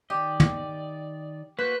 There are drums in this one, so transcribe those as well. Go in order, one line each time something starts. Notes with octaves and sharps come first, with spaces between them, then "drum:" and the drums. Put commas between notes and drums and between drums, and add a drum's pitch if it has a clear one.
D#3 G4 D5 D#5
drum: tom
A#3 F#4 B4 C5 F#6